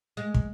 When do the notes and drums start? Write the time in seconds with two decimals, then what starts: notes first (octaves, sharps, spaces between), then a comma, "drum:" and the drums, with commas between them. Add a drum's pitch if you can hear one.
0.17 G#3
0.34 drum: kick